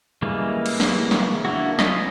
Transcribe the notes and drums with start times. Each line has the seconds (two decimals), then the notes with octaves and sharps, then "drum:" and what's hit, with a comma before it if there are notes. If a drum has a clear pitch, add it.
0.22 C#3 E3 G3 G#3 A#3
0.66 drum: cymbal
0.80 drum: snare
1.11 drum: snare
1.45 A#3 D4 E4 F#4
1.79 C#4 F4 B4 D#5, drum: snare